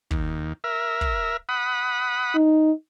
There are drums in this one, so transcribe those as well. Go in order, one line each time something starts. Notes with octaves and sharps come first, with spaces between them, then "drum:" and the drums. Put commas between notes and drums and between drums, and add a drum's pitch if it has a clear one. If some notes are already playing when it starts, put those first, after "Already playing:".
D#2, drum: kick
A#4 E5
drum: kick
F#5 B5 D#6
D#4